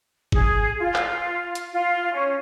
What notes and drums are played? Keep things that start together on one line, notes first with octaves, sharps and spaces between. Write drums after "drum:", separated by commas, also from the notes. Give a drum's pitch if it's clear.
G#4, drum: kick G1
F4
drum: clap
drum: hi-hat
F4
C#4